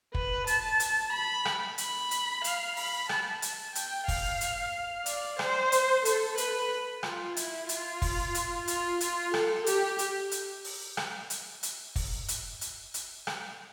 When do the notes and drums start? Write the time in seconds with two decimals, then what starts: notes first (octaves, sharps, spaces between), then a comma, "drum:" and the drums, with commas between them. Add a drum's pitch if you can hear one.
0.15 B4, drum: kick
0.47 A5, drum: hi-hat
0.80 drum: hi-hat
1.12 B5
1.45 drum: rim click
1.78 B5, drum: hi-hat
2.11 drum: hi-hat
2.44 F5, drum: hi-hat
2.76 B5, drum: open hi-hat
3.09 A5, drum: rim click
3.42 drum: hi-hat
3.75 G5, drum: hi-hat
4.08 F5, drum: kick, open hi-hat
4.41 drum: hi-hat
5.06 D5, drum: hi-hat
5.39 C5, drum: rim click
5.72 drum: hi-hat
6.05 A4, drum: hi-hat
6.38 B4, drum: hi-hat
7.03 F4, drum: rim click
7.37 E4, drum: hi-hat
7.69 F4, drum: hi-hat
8.02 drum: kick, open hi-hat
8.35 drum: hi-hat
8.68 F4, drum: hi-hat
9.01 F4, drum: hi-hat
9.34 A4, drum: rim click
9.66 G4, drum: hi-hat
9.99 drum: hi-hat
10.31 drum: hi-hat
10.64 drum: open hi-hat
10.97 drum: rim click
11.30 drum: hi-hat
11.63 drum: hi-hat
11.96 drum: kick, open hi-hat
12.28 drum: hi-hat
12.61 drum: hi-hat
12.94 drum: hi-hat
13.27 drum: rim click